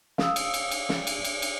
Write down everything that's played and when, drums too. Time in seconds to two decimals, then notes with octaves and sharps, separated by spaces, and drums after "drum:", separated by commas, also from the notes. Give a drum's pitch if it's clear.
0.18 F5 D#6 E6, drum: snare
0.36 drum: cymbal
0.54 drum: cymbal
0.71 drum: cymbal
0.89 drum: snare
1.07 drum: cymbal
1.25 drum: cymbal
1.42 drum: cymbal